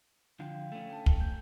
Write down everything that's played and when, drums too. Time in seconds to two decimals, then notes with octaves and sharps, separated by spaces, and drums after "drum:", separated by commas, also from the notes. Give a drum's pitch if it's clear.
0.40 D3 F3 F5 G5
0.72 A3 C#4
0.90 G5 A5
1.06 drum: kick
1.20 G#5 G6